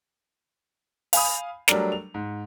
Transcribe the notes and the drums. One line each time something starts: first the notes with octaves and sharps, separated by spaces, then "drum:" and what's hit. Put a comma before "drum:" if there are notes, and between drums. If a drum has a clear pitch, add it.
F5 G#5 B5 D#6, drum: open hi-hat
F#3 G3 A3 D4 A#4, drum: snare
F7
G#2